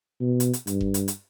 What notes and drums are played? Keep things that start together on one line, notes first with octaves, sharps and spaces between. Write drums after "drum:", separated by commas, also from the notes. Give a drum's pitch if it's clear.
B2
drum: hi-hat
drum: hi-hat
G2, drum: hi-hat
drum: kick F1
drum: hi-hat
drum: hi-hat